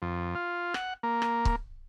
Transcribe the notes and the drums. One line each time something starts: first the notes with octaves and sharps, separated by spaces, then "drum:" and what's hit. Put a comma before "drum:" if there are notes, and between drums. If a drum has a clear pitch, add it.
F2
F4
F#5, drum: rim click
A#3
drum: rim click
drum: kick C#1